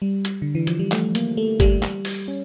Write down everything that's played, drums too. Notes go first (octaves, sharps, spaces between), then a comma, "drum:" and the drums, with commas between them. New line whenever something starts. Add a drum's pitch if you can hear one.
G3
drum: hi-hat
D3
E3
F3, drum: hi-hat
G3
A3, drum: clap
A#3, drum: hi-hat
A3
G3, drum: kick, hi-hat
G3, drum: clap
drum: open hi-hat
C#4